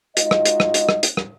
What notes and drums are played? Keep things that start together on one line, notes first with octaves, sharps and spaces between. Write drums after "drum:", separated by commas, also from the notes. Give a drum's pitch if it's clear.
G#3 D#4 F4 F#4 D#5, drum: hi-hat
drum: rim click
drum: hi-hat
drum: rim click
drum: hi-hat
drum: rim click
drum: hi-hat
drum: rim click